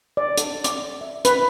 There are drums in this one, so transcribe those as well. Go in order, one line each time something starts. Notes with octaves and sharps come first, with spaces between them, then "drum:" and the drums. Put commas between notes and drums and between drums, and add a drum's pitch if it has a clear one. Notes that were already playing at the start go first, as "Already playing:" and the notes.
D5
A4, drum: hi-hat
D6, drum: hi-hat
E5
B4, drum: hi-hat